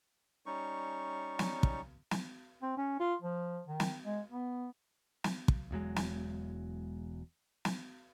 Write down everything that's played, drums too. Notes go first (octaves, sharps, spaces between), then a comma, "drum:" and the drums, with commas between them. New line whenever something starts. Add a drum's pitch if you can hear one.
G3 C#4 D#4 C#6
drum: snare
drum: kick
drum: snare
C4
C#4
F4
F3
D#3
drum: snare
G#3
B3
drum: snare
drum: kick
E1 E2 F#3 G#3
drum: snare
drum: snare